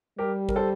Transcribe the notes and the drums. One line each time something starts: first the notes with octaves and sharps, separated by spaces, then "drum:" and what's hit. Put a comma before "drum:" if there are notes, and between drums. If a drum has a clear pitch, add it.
G3 G4 A#4
A#4, drum: kick G#1
A4 C5